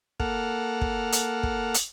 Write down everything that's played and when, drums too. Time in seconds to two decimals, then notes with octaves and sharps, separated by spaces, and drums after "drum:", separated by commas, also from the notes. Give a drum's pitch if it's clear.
0.20 A#3 A4 F#5 F6, drum: kick
0.81 drum: kick
1.12 drum: hi-hat
1.43 drum: kick
1.74 drum: hi-hat